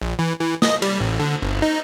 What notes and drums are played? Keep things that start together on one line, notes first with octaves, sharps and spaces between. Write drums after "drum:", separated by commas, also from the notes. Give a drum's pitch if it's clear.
A#1
E3
E3
D#5, drum: snare
G3, drum: cymbal
A1
D3
G1
D#4